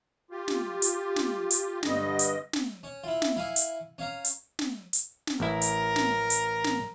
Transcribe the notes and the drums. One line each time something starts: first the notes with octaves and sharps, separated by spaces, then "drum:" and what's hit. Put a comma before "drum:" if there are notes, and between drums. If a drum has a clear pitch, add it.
F4 G4
drum: snare
drum: hi-hat
drum: snare
drum: hi-hat
G2 D3 G3 D#5, drum: snare
drum: hi-hat
drum: snare
C#4
E4 F4
drum: snare
E4 F5 G#5 C#6
drum: hi-hat
C#4 F5 A#5
drum: hi-hat
drum: snare
drum: hi-hat
drum: snare
A1 E4 A#4
drum: hi-hat
drum: snare
drum: hi-hat
drum: snare